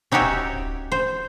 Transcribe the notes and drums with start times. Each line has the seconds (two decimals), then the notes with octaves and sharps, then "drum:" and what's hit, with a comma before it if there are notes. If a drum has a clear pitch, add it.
0.12 C#4 D#4 F#4 G4 C#5 E5
0.21 drum: kick D1
0.56 drum: kick D1
0.92 C5